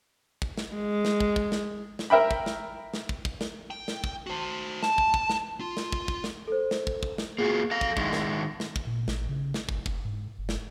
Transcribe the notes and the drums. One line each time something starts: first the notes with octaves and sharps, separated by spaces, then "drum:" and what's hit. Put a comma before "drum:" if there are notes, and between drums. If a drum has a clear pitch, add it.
drum: kick
drum: snare
G#3
drum: snare
drum: kick
drum: kick
drum: snare
drum: snare
A#4 E5 G5 B5
drum: kick
drum: snare
drum: snare
drum: kick
drum: kick
drum: snare
G5
drum: snare
drum: kick
F#4 C5
A5, drum: snare
drum: kick
drum: kick
drum: snare
F4
drum: snare
drum: kick
drum: kick
drum: snare
A4 C5
drum: snare
drum: kick
drum: kick
drum: snare
A#3 F4 F#4 G#4 C7
A4 F5 A#6
drum: kick
D#3 G#3 E4, drum: kick
drum: snare
drum: snare
drum: kick
A#2
A1, drum: snare
C#3
drum: snare
G1, drum: kick
F#1, drum: kick
G#2
F#1
drum: snare